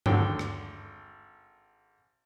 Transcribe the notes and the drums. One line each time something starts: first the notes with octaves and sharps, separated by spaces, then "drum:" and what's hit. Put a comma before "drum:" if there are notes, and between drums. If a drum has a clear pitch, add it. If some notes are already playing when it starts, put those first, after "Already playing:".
G#1 D3 G5, drum: tom G2
drum: rim click